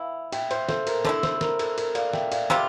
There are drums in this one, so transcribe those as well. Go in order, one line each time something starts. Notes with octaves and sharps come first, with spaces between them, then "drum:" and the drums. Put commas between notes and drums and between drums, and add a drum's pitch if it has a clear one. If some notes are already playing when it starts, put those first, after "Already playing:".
Already playing: E3 E4 F5
E5 G5, drum: cymbal
C5 E5, drum: cymbal
A4 C5, drum: snare
A#4, drum: cymbal
D3 A3 E4 A4 C5, drum: snare
A4 C5, drum: snare
A4
A#4, drum: snare
A4, drum: cymbal
A#4, drum: cymbal
D5 F5, drum: cymbal
E5 G5, drum: snare
D5 F5, drum: cymbal
C3 G3 C4 F4, drum: snare